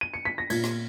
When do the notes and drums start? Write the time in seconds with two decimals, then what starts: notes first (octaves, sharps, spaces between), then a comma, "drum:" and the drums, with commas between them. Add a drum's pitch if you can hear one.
0.01 D#7
0.14 C#7
0.25 B6
0.38 A#6
0.50 A#2 G#6, drum: cymbal
0.64 drum: rim click